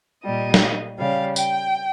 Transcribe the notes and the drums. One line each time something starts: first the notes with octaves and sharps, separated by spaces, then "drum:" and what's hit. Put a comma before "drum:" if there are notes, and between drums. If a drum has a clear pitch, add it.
A#2 G3 D#5
drum: snare
C#3 G3 F5
G5, drum: tambourine